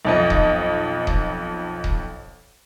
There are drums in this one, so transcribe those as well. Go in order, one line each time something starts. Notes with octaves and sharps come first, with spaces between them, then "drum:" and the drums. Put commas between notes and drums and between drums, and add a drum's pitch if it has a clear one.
B1 F2 D#5
drum: kick D#1
drum: kick D#1
drum: kick D#1